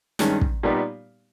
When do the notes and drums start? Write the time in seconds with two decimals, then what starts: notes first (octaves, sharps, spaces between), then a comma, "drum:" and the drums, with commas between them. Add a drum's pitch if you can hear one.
0.19 G2 D#3 G#3 C#4, drum: snare
0.41 drum: kick
0.63 A#2 G3 B3 D#4 G4